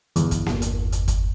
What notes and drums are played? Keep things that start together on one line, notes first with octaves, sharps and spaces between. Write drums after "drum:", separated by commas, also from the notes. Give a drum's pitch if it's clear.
G1 E2, drum: hi-hat
drum: kick, hi-hat
drum: snare A#3
drum: hi-hat
drum: hi-hat
drum: kick, hi-hat